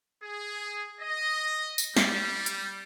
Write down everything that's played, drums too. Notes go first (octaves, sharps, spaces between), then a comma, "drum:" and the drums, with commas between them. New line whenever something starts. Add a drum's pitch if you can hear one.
G#4
D#5
drum: tambourine
G3, drum: snare
drum: hi-hat